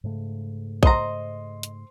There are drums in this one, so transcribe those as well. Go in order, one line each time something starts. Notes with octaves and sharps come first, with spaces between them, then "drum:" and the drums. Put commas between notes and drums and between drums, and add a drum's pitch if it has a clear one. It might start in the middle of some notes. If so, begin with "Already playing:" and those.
G#2 C#3 A3
C5 D#5 A#5 C6, drum: kick A#1
drum: hi-hat